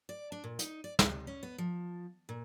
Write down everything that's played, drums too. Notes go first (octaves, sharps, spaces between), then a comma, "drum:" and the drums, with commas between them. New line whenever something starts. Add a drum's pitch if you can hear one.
D5
D4
A#2
D#4, drum: hi-hat
D5
C3, drum: snare
C#4
B3
F3
A#2